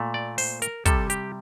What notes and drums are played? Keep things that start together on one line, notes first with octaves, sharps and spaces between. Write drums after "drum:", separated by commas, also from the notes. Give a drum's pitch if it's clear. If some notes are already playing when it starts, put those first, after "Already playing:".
Already playing: A#2 A3
D5
C5, drum: open hi-hat
A#4, drum: hi-hat
C3 G3 A4, drum: kick, hi-hat
G4, drum: hi-hat